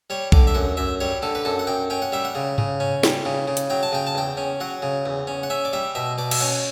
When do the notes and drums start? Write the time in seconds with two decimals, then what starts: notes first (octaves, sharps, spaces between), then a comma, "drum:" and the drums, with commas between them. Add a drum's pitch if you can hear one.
0.10 G3 C#5
0.32 D3 D5, drum: kick B1
0.47 E5
0.55 F#2 F#5
0.77 F#2 E5
1.00 G3 C#5
1.22 D3 A4
1.35 B4
1.45 F#2 A4
1.59 F#5
1.67 F#2 G5
1.90 C#4 G5
2.02 F#5
2.12 G3 E5
2.25 F#5
2.35 C#3
2.58 C#3, drum: tom G#2
2.80 C#4
3.03 G3, drum: snare
3.26 C#3
3.48 C#3
3.57 drum: hi-hat
3.70 F#3 G5
3.83 A5
3.92 C#3 G5
4.07 A5
4.15 E2 G5
4.37 C#4
4.60 F#3 F#5
4.82 C#3
5.06 E2
5.27 C#4
5.43 F#5
5.50 C#4 E5
5.65 D5
5.73 G3 E5
5.95 B2 E5
6.18 B2 D5
6.31 E5, drum: cymbal
6.40 C#4 F#5